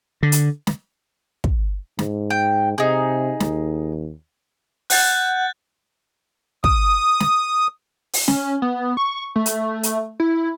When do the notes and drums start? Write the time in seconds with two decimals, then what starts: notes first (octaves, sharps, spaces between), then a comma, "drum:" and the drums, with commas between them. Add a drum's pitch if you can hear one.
0.23 D3
0.32 drum: hi-hat
0.67 drum: snare
1.44 drum: kick
1.99 G#2, drum: snare
2.30 G5
2.78 C3 D#4 G#4
3.40 D#2, drum: snare
4.90 F#5 F#6 G6 A6, drum: open hi-hat
6.64 D#6, drum: kick
7.20 drum: snare
8.13 drum: open hi-hat
8.28 C#4, drum: snare
8.62 B3
8.97 C#6
9.36 A3
9.46 drum: hi-hat
9.83 drum: hi-hat
10.20 E4